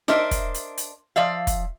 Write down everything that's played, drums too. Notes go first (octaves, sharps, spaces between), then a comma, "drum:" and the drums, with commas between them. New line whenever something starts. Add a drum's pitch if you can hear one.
D4 A#4 C5 D#5 E5, drum: snare D#4
drum: kick, hi-hat
drum: hi-hat
drum: hi-hat
F3 D5 E5 F5
drum: kick, hi-hat